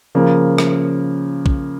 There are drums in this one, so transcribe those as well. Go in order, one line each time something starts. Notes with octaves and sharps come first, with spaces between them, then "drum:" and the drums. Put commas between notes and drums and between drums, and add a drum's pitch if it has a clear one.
C#3 F3 A#3
drum: rim click
drum: kick